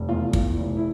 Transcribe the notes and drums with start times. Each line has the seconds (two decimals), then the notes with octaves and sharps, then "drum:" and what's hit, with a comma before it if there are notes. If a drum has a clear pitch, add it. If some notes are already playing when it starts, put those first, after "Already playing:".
Already playing: F1
0.09 E2 F4
0.33 E3, drum: kick
0.58 F1
0.77 E4